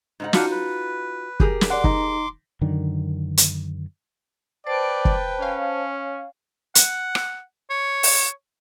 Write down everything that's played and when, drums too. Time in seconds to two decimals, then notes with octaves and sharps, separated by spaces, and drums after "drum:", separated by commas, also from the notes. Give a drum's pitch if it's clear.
0.20 G#2 D#4 F#5
0.33 D4 D#4 F4 F#4 F5 F#5, drum: snare
0.51 B4
1.40 G4 G#4 A#4, drum: kick
1.61 drum: snare
1.70 D5 F#5 C6 D6
1.84 D#4 A#5, drum: kick
2.61 F#2 D3 D#3
3.37 drum: hi-hat
4.67 B4 C5 D5 G5 A5 A6 D7
5.05 drum: kick
5.41 C#4 C#5 F5 G#5
6.75 F#5, drum: hi-hat
7.15 drum: rim click
7.70 C#5
8.03 drum: open hi-hat